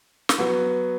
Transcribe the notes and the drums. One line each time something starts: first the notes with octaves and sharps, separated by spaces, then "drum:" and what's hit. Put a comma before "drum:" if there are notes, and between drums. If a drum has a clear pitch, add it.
drum: snare
F#3 B3 F#4